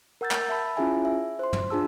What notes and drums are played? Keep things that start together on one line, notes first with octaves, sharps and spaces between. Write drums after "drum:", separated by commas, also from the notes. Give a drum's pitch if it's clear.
A#4 F#5 E6 G6 A6
drum: clap
E5 A5 B5 E6
C#4 E4 F4 G#4 E5 G#5
E5
C5 C6
drum: tom
D4 F4 G#4 A5 E6